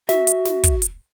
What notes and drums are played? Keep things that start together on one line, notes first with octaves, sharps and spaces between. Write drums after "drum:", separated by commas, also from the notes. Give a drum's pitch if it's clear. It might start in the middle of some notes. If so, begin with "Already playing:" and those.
F#4 E5, drum: snare
drum: hi-hat
drum: snare
drum: kick, hi-hat
drum: hi-hat